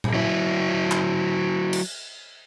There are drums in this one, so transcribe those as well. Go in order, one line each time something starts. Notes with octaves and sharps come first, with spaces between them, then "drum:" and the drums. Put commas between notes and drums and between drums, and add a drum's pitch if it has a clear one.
drum: tom A#2
F#3 E4
drum: clap
drum: cymbal